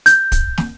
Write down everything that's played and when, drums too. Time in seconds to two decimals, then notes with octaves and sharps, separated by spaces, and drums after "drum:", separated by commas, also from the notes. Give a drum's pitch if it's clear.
0.06 G6, drum: hi-hat
0.32 drum: kick, hi-hat
0.58 drum: snare